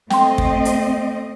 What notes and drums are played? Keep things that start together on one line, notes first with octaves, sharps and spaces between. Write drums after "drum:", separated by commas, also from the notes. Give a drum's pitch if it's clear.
A3 C4 D#5 G5 C6, drum: snare
drum: kick
drum: hi-hat